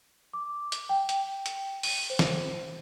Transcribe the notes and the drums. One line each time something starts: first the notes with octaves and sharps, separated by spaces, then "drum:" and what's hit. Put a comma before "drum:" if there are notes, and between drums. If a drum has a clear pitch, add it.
D6
drum: hi-hat
G5
G5, drum: hi-hat
drum: hi-hat
D#7, drum: open hi-hat
C5
drum: snare